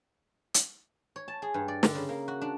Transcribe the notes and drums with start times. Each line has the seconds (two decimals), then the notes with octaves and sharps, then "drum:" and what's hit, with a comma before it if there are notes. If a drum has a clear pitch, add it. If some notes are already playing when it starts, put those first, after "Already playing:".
0.54 drum: hi-hat
1.16 C#5
1.28 A5
1.42 G#4
1.54 G2
1.68 D5
1.83 D3, drum: snare
1.95 C#3
2.09 A#3
2.28 F#4
2.41 D4